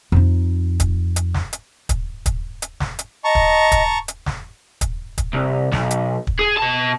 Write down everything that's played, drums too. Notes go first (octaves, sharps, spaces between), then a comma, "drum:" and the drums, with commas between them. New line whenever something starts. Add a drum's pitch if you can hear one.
F2 D#4
drum: kick, hi-hat
drum: hi-hat
drum: snare
drum: hi-hat
drum: kick, hi-hat
drum: kick, hi-hat
drum: hi-hat
drum: snare
drum: hi-hat
D#5 A5 A#5 C#6
drum: kick
drum: kick, hi-hat
drum: hi-hat
drum: snare
drum: kick, hi-hat
drum: kick, hi-hat
C2
B1, drum: snare
drum: hi-hat
drum: kick
G#4
B2 A5